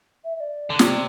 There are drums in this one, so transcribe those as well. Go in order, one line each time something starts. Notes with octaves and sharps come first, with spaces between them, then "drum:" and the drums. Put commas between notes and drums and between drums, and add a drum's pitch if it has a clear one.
E5
E5
D5
D3
C3, drum: snare